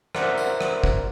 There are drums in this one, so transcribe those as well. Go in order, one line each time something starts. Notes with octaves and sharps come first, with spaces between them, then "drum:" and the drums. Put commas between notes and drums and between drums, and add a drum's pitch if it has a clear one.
A#4 C5 D5 E5 F#5, drum: rim click
drum: tambourine
drum: rim click
drum: kick